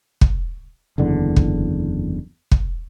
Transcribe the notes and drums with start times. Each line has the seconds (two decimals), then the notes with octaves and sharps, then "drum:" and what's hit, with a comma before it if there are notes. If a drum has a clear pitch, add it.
0.21 drum: kick
0.98 F#1 E2 D3
1.36 drum: kick
2.51 drum: kick